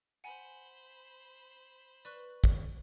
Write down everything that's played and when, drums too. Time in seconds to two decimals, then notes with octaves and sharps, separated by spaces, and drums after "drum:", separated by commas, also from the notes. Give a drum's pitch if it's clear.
0.24 C5 F#5 G#5 B5
2.05 B4 D5 C#6 F#6
2.44 drum: kick